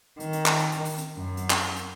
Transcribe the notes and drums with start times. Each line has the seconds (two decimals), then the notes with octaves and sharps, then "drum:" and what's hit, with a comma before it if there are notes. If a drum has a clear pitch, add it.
0.20 D#3, drum: hi-hat
0.33 drum: hi-hat
0.46 drum: clap
0.59 drum: hi-hat
0.72 drum: hi-hat
0.85 drum: open hi-hat
0.98 drum: hi-hat
1.18 F#2
1.37 drum: hi-hat
1.50 drum: clap
1.63 drum: hi-hat
1.76 drum: hi-hat